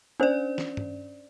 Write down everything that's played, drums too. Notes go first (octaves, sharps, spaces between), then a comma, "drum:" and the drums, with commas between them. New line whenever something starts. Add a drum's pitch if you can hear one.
C#4 D4 C5 D5
drum: snare
drum: tom G2